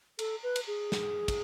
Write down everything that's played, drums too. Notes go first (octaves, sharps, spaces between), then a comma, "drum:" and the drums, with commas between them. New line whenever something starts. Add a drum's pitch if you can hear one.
A4, drum: cymbal
B4
drum: cymbal
G#4
drum: snare
drum: kick, cymbal